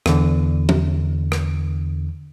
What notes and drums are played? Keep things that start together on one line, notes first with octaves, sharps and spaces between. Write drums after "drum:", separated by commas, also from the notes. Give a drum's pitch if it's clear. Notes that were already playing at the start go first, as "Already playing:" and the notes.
E2 D3, drum: rim click
drum: tom F3
drum: rim click